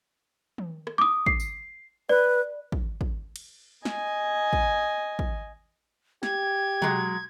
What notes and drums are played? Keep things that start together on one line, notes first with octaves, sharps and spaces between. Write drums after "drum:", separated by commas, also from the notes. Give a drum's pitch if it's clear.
drum: tom
drum: rim click
D6 D#6
C7, drum: kick
drum: tambourine
B4 D5
drum: kick
drum: kick
drum: cymbal
D#5 G#5, drum: snare
drum: kick
drum: kick
G4 G#6, drum: snare
F#3 G#3, drum: tom